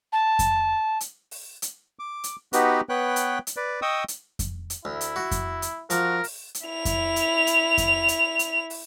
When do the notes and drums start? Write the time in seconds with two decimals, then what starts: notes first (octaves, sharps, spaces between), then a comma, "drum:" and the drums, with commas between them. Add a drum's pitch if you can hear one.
0.13 A5
0.39 drum: kick F2, hi-hat
1.01 drum: hi-hat
1.31 drum: open hi-hat
1.62 drum: hi-hat
1.99 D6
2.24 drum: hi-hat
2.53 B3 D#4 F#4 G4 B4, drum: hi-hat
2.89 B3 B4 C#5 G5 F#6
3.16 drum: hi-hat
3.47 drum: hi-hat
3.57 B4 D5
3.82 D#5 G5 C#6 D#6 E6
4.08 drum: hi-hat
4.39 drum: kick F2, hi-hat
4.70 drum: hi-hat
4.85 D2 E4
5.01 drum: hi-hat
5.16 F#4
5.31 drum: kick F2, hi-hat
5.62 drum: hi-hat
5.90 F3 F#4 A#4, drum: hi-hat
6.24 drum: open hi-hat
6.55 drum: hi-hat
6.67 E4 F7
6.85 drum: kick F2, hi-hat
7.16 drum: hi-hat
7.47 drum: hi-hat
7.78 drum: kick F2, hi-hat
8.08 drum: hi-hat
8.39 drum: hi-hat
8.70 drum: open hi-hat